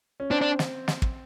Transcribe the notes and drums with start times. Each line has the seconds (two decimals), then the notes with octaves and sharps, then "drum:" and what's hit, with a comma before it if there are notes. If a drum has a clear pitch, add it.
0.20 C#4
0.30 C4 D4
0.41 D4
0.59 drum: snare
0.88 drum: snare
1.02 drum: kick